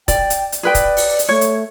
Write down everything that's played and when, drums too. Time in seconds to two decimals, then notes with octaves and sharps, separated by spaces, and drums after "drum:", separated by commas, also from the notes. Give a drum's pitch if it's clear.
0.08 D5 G5, drum: kick, hi-hat
0.30 drum: hi-hat
0.52 drum: hi-hat
0.63 G#4 B4 D5 G5
0.75 drum: kick, hi-hat
0.97 drum: open hi-hat
1.19 drum: hi-hat
1.29 A3 C#5
1.41 drum: hi-hat